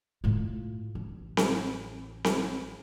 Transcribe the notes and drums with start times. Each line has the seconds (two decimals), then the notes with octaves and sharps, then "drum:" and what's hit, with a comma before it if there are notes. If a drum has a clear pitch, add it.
0.24 A2 F4
0.95 A1
1.37 drum: snare C4
2.24 drum: snare C4